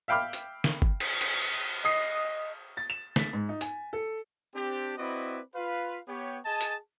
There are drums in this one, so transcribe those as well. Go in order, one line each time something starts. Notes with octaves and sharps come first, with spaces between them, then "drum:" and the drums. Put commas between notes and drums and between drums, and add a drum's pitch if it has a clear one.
E5 F5 G5 B5 D6 F6
drum: hi-hat
drum: snare
drum: kick G1
drum: cymbal
drum: cymbal
D#5 D#6 C7
A6
E7
B6, drum: snare
G#2
D#4
G#5, drum: hi-hat
A4
C4 D4 G4
C4 E4 F#4 B4 D5 D#5
F4 B4 F5
B3 G4 C#5
G#4 D#5 G#5 A5
drum: hi-hat